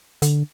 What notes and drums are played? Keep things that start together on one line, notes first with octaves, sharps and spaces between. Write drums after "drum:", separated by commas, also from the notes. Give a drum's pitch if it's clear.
D3, drum: hi-hat